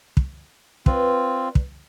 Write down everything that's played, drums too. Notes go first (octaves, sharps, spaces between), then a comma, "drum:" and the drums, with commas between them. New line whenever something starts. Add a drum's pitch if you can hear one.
drum: kick
C4 F4 B4 D5, drum: kick
drum: kick